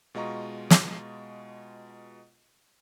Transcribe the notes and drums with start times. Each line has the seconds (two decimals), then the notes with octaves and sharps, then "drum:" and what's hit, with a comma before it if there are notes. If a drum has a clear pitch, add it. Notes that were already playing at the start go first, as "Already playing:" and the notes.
0.15 B2 G#3 F4 D#5 A#5 C#6
0.70 drum: snare